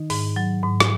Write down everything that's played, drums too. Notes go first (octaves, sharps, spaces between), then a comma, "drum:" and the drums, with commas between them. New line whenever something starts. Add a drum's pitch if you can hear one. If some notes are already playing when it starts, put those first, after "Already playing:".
Already playing: D#3 D#4
G#2, drum: open hi-hat
F#3
G#2
drum: rim click